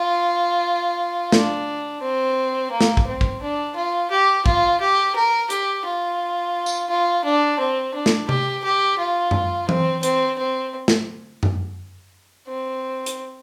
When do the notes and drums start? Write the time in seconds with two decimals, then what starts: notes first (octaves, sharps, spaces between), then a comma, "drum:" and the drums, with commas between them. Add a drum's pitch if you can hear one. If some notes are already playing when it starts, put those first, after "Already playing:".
Already playing: F4
1.32 D4, drum: snare
2.02 C4
2.71 A#3
2.81 drum: snare
2.97 drum: kick A1
3.07 C4
3.21 drum: kick A1
3.42 D4
3.76 F4
4.11 G4
4.46 F4, drum: kick A1
4.80 G4
5.16 A#4
5.50 G4, drum: hi-hat
5.85 F4
6.66 drum: tambourine
6.90 F4
7.25 D4
7.59 C4
7.94 D4
8.06 drum: snare
8.29 G4, drum: tom C3
8.64 G4
8.99 F4
9.31 drum: tom F#2
9.69 C4, drum: tom E3
10.03 C4, drum: hi-hat
10.38 C4
10.88 drum: snare
11.43 drum: tom F#2
12.47 C4
13.06 drum: hi-hat